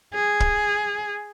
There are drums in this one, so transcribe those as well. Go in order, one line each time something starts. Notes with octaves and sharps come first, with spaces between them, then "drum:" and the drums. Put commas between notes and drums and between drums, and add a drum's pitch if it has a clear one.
G#4
drum: kick